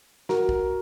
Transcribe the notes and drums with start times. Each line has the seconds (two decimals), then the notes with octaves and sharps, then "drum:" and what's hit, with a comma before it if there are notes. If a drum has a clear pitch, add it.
0.29 F#4 A#4, drum: snare
0.49 drum: kick